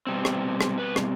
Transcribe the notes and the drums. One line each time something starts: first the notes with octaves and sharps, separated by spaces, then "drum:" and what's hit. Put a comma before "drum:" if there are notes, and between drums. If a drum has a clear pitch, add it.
B2 G3 C4
drum: rim click
drum: rim click
B4
drum: rim click